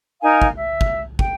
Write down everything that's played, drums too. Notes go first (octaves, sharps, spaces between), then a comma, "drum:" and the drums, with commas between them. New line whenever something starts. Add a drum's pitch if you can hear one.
D#4 A#4 F5 G#5
drum: kick
E5
drum: kick
G5, drum: kick